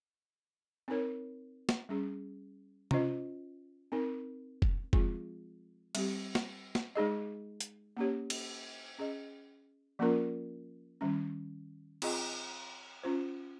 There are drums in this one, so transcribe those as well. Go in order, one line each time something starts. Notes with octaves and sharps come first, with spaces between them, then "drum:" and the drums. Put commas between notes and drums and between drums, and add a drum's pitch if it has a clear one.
C4 D#4 A#4 C#5
drum: snare
G3 C#4 G#4
C#4 F4 C5 D#5, drum: tom C3
C4 D#4 A#4
drum: kick
F3 G#3 C4 F4 G#4, drum: kick
G3 C4 G4, drum: cymbal
drum: snare
drum: snare
G#3 D#4 G#4 D#5
drum: hi-hat
A#3 C#4 G4 C#5
drum: cymbal
C#4 G#4 D#5
F3 A#3 C#4 F4 A#4
D#3 G3 C#4
C4 F4 G#4 D#5, drum: cymbal
C#4 F4 C5